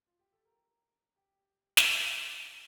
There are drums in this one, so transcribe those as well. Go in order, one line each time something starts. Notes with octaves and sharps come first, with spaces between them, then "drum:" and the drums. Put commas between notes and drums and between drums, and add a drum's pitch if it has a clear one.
F4
G4
A4
A#4
G4
drum: snare
F4
F4
G4